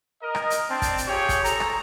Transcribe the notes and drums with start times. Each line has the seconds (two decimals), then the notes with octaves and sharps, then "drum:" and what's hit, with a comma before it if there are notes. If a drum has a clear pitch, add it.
0.22 A#4 D#5
0.35 drum: rim click
0.50 drum: hi-hat
0.71 C4 D4 A5
0.82 drum: kick, hi-hat
0.97 drum: hi-hat
1.08 F4 G4 G#4 C#5 G5 C#6
1.29 drum: kick, hi-hat
1.45 G#4 A4 C5 A#5, drum: hi-hat
1.60 drum: rim click